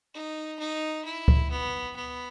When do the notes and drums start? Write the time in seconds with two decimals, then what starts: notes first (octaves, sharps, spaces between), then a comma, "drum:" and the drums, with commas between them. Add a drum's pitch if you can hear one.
0.14 D#4
0.59 D#4
1.05 E4
1.28 drum: kick C#2
1.51 B3
1.96 B3